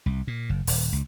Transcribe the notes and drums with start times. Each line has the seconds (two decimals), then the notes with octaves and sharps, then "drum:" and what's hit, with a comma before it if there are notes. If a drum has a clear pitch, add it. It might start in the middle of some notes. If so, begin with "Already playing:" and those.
0.06 C2
0.27 A#2
0.50 F#1
0.67 D#1, drum: open hi-hat
0.92 C#2